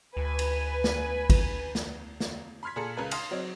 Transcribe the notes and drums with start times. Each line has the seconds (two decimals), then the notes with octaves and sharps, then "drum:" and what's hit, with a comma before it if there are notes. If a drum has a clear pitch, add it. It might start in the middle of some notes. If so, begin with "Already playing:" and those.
0.17 D2 B4 G#5
0.39 drum: cymbal
0.84 drum: snare
1.30 drum: kick, cymbal
1.75 drum: snare
2.20 drum: snare
2.63 B5 C6 F6 G#6 B6
2.76 A#2 G#4 A4 A#5 C#7
2.97 C#2 A#4 B4 G#6
3.11 F5 C6 D#6 F6 C7, drum: cymbal
3.31 F#3 C4 C#5 D#5